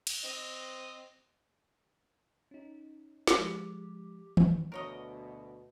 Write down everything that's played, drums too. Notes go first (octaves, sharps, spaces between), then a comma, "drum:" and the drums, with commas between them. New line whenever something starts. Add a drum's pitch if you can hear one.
drum: cymbal
C4 D#5
C#4 D#4
drum: snare
F3 G#3 G4
drum: tom D#3
D2 B2 A#4 C#5 D#5